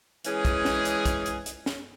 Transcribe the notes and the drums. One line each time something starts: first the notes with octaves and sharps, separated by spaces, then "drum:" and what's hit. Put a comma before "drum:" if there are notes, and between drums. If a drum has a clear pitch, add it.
E3 G#3 C#4 G#4, drum: hi-hat
drum: kick, hi-hat
drum: snare
drum: hi-hat
drum: kick, hi-hat
drum: hi-hat
drum: hi-hat
drum: snare